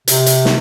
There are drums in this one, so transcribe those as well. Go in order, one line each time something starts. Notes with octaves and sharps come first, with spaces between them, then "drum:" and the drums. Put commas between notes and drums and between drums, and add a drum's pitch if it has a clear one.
C3, drum: hi-hat
drum: hi-hat
drum: snare